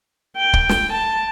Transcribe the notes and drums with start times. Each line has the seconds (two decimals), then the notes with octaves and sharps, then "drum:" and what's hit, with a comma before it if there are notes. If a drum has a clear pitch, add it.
0.38 G5
0.53 drum: kick
0.69 drum: snare
0.92 A5